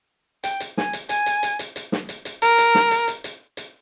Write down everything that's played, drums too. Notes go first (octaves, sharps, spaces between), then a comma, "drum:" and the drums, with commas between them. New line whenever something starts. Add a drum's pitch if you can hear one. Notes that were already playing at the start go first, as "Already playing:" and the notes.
G5, drum: hi-hat
drum: hi-hat
G#5, drum: snare
drum: hi-hat
G#5, drum: hi-hat
drum: hi-hat
drum: hi-hat
drum: hi-hat
drum: hi-hat
drum: snare
drum: hi-hat
drum: hi-hat
A#4, drum: hi-hat
drum: hi-hat
drum: snare
drum: hi-hat
drum: hi-hat
drum: hi-hat
drum: hi-hat